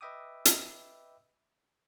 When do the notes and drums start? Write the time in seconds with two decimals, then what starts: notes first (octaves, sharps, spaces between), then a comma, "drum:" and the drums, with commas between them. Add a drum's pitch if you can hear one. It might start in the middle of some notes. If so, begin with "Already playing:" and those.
0.01 B4 D#5 E5 G5 D6 D#6
0.45 drum: hi-hat